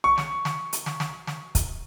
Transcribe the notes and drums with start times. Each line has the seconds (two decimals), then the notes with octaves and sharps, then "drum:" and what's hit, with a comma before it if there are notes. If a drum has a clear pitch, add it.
0.04 C#6
0.18 drum: snare
0.45 drum: snare
0.73 drum: hi-hat
0.86 drum: snare
1.00 drum: snare
1.27 drum: snare
1.55 drum: kick, hi-hat